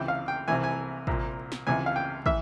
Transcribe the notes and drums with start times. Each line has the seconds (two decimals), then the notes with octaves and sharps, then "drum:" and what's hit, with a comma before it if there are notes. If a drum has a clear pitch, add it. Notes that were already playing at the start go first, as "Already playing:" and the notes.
Already playing: C#2 C3 E3 G5
0.08 F5
0.28 G5
0.48 C2 C3 E3 G#5
0.64 G#5
1.07 C2 A#2, drum: kick
1.52 drum: snare
1.67 C#2 C3 E3 G#5
1.86 F5
1.96 G5
2.26 E3 E5, drum: kick